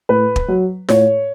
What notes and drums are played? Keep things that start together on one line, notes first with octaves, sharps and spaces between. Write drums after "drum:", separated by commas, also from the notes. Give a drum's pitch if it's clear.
A2 B4
drum: kick
F#3
A2 C#5, drum: snare F4